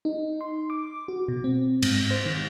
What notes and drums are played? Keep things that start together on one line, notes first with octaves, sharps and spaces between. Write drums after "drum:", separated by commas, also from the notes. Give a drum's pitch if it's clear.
D#4
C6
D6
F#4
B2
C4
G#2, drum: cymbal
C5
D#3